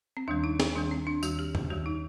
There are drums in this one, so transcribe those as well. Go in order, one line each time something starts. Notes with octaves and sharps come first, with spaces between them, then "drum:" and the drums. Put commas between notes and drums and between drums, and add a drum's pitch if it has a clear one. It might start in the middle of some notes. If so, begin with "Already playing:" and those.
C4
D#2 D#3 G3 D4
D#4
D#4, drum: snare C4
D#2 D#3 G3 D4
C4
D4
D#2 D#3 G3 F#4, drum: tambourine
G4
drum: tom
D#2 D#3 G3 F#4
D#4